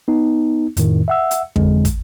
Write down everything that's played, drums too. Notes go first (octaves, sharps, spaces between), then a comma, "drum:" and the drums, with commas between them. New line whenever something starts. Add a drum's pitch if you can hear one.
B3 D#4
F2 A2 D#3, drum: hi-hat
E5 F#5 E6
drum: hi-hat
F2 D3 G#3, drum: kick
drum: kick, hi-hat